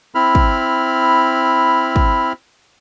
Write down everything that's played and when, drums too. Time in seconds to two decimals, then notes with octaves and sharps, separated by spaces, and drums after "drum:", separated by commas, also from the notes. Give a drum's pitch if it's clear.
0.15 C4 E4 B5 F6
0.35 drum: kick
1.96 drum: kick